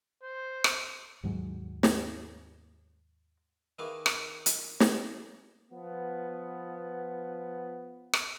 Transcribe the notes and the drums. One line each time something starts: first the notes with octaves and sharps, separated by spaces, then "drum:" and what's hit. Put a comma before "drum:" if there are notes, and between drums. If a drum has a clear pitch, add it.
C5
drum: rim click
D#2 G#2 F#3 G#3
drum: snare
D#3 A#3 E4 G#4 B4
drum: rim click
drum: hi-hat
drum: snare
F3 B3
drum: rim click